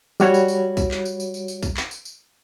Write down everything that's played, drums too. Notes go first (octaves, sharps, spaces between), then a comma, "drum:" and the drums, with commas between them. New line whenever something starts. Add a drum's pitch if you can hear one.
G3 F#4 C#5, drum: tambourine
drum: tambourine
drum: tambourine
drum: kick B1, tambourine
drum: clap
drum: tambourine
drum: tambourine
drum: tambourine
drum: tambourine
drum: kick B1, tambourine
drum: clap
drum: tambourine
drum: tambourine